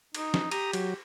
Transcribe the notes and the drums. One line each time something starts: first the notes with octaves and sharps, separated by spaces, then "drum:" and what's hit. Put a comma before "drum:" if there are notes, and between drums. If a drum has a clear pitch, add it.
D#4, drum: cymbal
drum: snare
G4 A#5 D#6, drum: cymbal
F#3, drum: cymbal